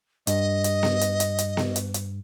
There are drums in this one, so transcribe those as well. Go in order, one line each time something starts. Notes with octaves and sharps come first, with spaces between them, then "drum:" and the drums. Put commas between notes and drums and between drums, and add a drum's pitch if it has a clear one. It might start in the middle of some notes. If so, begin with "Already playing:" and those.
G2 D#5, drum: hi-hat
drum: hi-hat
drum: snare B3
drum: hi-hat
drum: hi-hat
drum: hi-hat
drum: snare B3
drum: hi-hat
drum: hi-hat